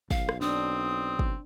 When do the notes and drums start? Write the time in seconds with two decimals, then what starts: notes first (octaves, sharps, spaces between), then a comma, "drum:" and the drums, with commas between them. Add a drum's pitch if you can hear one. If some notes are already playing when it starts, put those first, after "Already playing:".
0.11 B1 F5, drum: kick
0.29 drum: rim click
0.41 C4 D4 D#6
1.19 drum: kick